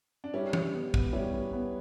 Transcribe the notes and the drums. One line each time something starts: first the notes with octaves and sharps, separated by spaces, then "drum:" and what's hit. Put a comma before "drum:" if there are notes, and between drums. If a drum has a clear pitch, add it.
D4
G3 C#4 E4
G3, drum: tom E3
B3
B3, drum: kick
G3 C#4 E4
B3
B3